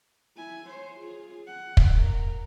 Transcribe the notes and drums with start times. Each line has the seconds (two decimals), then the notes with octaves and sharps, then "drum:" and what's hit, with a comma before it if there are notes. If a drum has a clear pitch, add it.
0.36 E4 G#5
0.67 C5 C#5
0.99 F4 G#4
1.47 F#5
1.77 drum: kick
1.96 A#4